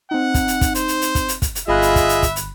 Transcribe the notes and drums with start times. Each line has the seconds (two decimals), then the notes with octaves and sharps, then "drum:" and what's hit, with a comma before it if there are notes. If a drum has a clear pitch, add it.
0.11 C4 D#4 F#5
0.34 drum: kick, hi-hat
0.48 drum: hi-hat
0.61 drum: kick, hi-hat
0.75 C5, drum: hi-hat
0.88 drum: hi-hat
1.02 drum: hi-hat
1.15 drum: kick, hi-hat
1.28 drum: hi-hat
1.42 drum: kick, hi-hat
1.55 drum: hi-hat
1.68 G1 F4 G#4 D#5 E5 B5 F#6
1.82 drum: hi-hat
1.96 drum: kick, hi-hat
2.09 drum: hi-hat
2.22 drum: kick, hi-hat
2.36 drum: hi-hat